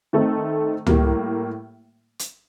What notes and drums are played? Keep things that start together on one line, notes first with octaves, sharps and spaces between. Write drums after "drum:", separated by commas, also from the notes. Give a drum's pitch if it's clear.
D#3 A3 C4 D#4 A4
A2 G3 A#3, drum: tom C#2
drum: hi-hat